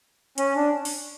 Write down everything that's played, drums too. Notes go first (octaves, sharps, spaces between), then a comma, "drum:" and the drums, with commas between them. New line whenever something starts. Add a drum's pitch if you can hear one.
C#4, drum: hi-hat
D4
drum: open hi-hat